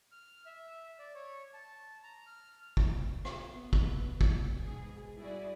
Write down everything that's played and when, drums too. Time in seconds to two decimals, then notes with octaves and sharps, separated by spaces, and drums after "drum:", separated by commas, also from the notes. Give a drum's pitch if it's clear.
0.12 F6
0.46 E5
0.99 D5
1.15 C#5
1.54 A5
2.04 A#5
2.27 F6
2.77 drum: kick
3.25 drum: rim click
3.49 B3
3.73 drum: kick
4.21 drum: kick
4.57 G#2 B2 G#4
5.17 G3 E4 F#4 G#4 D5